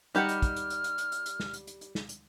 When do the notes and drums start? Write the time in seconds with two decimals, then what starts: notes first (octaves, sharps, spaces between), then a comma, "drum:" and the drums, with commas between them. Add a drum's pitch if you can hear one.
0.15 G3 D#4 G4 F#5 B5 F6, drum: hi-hat
0.29 drum: hi-hat
0.42 drum: kick, hi-hat
0.56 drum: hi-hat
0.70 drum: hi-hat
0.84 drum: hi-hat
0.98 drum: hi-hat
1.12 drum: hi-hat
1.26 drum: hi-hat
1.40 drum: snare
1.54 drum: hi-hat
1.67 drum: hi-hat
1.81 drum: hi-hat
1.95 drum: snare
2.09 drum: hi-hat